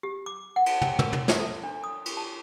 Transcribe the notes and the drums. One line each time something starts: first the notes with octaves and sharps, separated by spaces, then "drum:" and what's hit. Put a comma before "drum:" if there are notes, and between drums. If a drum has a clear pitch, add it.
G4
D6
F#5
drum: cymbal
G5, drum: tom
A#4, drum: tom
drum: tom
drum: snare
A4
D4
D#6
drum: cymbal
A5